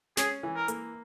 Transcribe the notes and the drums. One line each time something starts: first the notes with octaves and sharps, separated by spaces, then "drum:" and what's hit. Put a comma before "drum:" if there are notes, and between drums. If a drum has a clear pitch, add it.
C#4 G#4, drum: snare
E3
A#4
A#3, drum: hi-hat